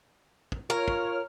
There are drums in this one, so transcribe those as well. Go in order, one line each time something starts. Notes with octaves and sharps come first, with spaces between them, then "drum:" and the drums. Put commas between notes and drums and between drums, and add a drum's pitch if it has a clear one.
drum: kick
F4 A#4 C#5 F6
drum: kick